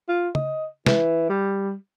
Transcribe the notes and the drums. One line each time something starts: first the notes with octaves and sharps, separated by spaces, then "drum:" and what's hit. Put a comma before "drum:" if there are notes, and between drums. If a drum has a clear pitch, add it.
F4
D#5, drum: tom C#3
E3, drum: snare
G3